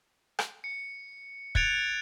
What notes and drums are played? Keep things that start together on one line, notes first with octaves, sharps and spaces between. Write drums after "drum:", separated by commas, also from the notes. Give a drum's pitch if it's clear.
drum: rim click
C#7
F#6 G#6 A6 C#7 D7 F7, drum: kick